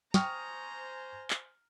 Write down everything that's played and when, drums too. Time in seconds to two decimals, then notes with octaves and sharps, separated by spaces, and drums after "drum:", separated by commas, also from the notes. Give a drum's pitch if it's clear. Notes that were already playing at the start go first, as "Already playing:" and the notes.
0.14 C5 G5 G#5 A#5 C#6 D#6 F6, drum: snare
1.30 drum: clap